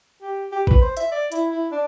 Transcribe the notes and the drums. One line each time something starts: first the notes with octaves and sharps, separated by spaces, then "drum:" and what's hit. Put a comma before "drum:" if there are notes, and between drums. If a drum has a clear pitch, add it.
G4
G4
B4, drum: kick
C5
E5, drum: hi-hat
D5
E4, drum: hi-hat
E4
D4